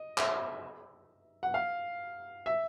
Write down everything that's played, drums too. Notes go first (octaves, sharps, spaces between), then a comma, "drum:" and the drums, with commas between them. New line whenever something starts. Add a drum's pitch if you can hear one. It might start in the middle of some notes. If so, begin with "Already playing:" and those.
Already playing: D#5
E5, drum: clap
F#5
F5
E5